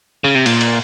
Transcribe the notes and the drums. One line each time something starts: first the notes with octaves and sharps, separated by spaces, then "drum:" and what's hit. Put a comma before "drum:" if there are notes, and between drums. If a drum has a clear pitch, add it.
C#3
C3
A#2, drum: cymbal
drum: cymbal